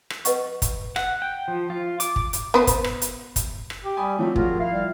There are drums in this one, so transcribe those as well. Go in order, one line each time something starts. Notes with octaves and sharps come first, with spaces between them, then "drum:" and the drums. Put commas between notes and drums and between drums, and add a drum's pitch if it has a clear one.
drum: rim click
B4 D#5 F#5 C#6, drum: hi-hat
drum: kick, hi-hat
F#5, drum: rim click
G5
F3
F4
D6, drum: hi-hat
drum: kick
drum: hi-hat
B3 B4 C5
drum: kick, hi-hat
drum: rim click
drum: hi-hat
drum: kick, hi-hat
drum: rim click
G4
G3 G#5 B5 D#6
F3 F#3 A3 C4
F4 F#4 G#4 A#4, drum: kick
E4 F5
G3